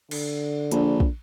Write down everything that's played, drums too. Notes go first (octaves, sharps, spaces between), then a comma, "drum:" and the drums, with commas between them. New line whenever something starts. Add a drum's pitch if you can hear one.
D3, drum: cymbal
A#1, drum: hi-hat
drum: kick